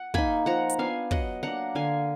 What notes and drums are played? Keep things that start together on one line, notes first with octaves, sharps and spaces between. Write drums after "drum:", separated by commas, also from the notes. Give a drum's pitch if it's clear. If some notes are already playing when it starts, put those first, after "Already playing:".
Already playing: F#5
A#3 D#4 G#5 B5, drum: kick
F3 F#5 A#5
drum: hi-hat
B3 D4 F5 G#5
F#3 D#5 F#5, drum: kick
A#3 D4 F#5 A#5
D3 F5 G#5